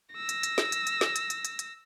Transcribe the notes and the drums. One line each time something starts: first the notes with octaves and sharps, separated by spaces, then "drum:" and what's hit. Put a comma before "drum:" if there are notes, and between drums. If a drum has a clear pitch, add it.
E6 A#6
drum: hi-hat
drum: hi-hat
drum: snare
drum: hi-hat
drum: hi-hat
drum: snare
drum: hi-hat
drum: hi-hat
drum: hi-hat
drum: hi-hat